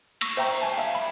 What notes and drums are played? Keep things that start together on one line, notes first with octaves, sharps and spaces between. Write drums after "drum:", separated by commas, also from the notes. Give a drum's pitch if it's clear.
C#6 E6 A#6 B6, drum: cymbal
C5 E5 G5 A#5 C#6
G#5 A5
E5 F5
B5